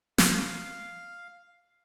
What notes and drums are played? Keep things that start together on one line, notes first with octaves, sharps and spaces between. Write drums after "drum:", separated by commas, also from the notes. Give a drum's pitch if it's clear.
F5, drum: snare